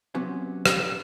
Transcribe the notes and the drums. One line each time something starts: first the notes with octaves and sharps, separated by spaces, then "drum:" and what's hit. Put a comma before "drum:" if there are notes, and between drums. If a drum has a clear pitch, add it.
C3 F#3 B3 C#4
drum: rim click